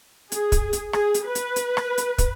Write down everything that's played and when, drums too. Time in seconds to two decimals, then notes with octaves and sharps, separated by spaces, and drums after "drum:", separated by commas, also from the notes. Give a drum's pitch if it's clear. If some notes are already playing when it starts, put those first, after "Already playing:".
0.32 G#4, drum: hi-hat
0.52 drum: kick, hi-hat
0.73 drum: hi-hat
0.93 G#4, drum: rim click
1.14 drum: hi-hat
1.25 B4
1.35 drum: hi-hat
1.56 drum: hi-hat
1.77 drum: rim click
1.98 drum: hi-hat
2.18 drum: kick, hi-hat